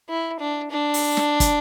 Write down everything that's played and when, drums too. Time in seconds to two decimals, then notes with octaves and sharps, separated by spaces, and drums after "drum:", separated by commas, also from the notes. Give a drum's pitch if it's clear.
0.09 E4
0.40 D4
0.71 D4
0.94 drum: open hi-hat
1.17 drum: snare
1.40 drum: kick, hi-hat